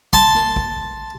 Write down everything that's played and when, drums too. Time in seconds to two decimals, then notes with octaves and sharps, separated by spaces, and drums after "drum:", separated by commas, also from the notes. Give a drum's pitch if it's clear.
0.13 A5 C6, drum: kick
0.35 drum: snare
0.56 drum: kick